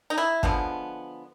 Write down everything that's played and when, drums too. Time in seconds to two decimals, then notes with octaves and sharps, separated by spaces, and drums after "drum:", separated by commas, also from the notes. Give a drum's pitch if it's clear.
0.10 D#4
0.18 E4
0.43 D3 F3 G#3 B3, drum: kick